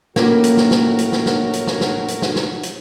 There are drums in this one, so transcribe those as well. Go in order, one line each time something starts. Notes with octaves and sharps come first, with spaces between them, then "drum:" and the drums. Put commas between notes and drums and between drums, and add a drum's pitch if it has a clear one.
A2 A#3 C#4 F4 F#4 A#4, drum: snare
drum: hi-hat
drum: snare
drum: snare
drum: hi-hat
drum: snare
drum: snare
drum: hi-hat
drum: snare
drum: snare
drum: hi-hat
drum: snare
drum: snare
drum: hi-hat